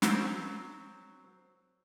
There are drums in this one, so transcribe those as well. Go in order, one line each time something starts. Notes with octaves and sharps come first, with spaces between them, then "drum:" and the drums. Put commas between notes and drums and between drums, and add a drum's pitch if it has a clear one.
F#3 C4, drum: snare